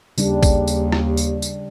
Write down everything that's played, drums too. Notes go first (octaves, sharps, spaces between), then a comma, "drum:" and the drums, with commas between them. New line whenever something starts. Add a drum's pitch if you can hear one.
D#2 C#3 G3 D4, drum: tambourine
drum: kick, tambourine
drum: tambourine
drum: rim click
drum: tambourine
drum: tambourine